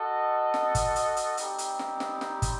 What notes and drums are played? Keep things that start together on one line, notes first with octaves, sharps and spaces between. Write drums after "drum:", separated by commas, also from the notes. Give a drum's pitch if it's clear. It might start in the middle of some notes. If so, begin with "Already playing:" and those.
Already playing: F#4 A4 D#5
drum: snare
drum: kick, hi-hat
drum: hi-hat
drum: hi-hat
G3 C4 D#4 G4, drum: hi-hat
drum: hi-hat
drum: snare
drum: snare
drum: snare
drum: kick, hi-hat